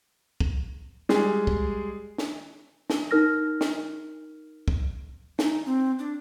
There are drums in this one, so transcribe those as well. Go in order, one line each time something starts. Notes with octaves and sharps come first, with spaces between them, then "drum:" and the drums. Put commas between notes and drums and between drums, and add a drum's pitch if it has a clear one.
drum: kick
G3 G#3 G#4, drum: snare
drum: kick
drum: snare
drum: snare
D#4 A#4 F6 A#6
drum: snare
drum: kick
D#4, drum: snare
C4
D4